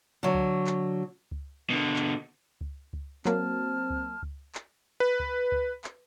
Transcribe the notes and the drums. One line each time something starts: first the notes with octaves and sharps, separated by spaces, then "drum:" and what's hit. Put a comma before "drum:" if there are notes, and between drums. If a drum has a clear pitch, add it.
D3 F#3
drum: kick C#2
drum: clap
drum: kick C#2
B2 D3
drum: clap
drum: kick C#2
drum: kick C#2
F#3 A#3 C4 A5 F6, drum: clap
drum: kick C#2
drum: kick C#2
drum: clap
B4
drum: kick C#2
drum: kick C#2
drum: clap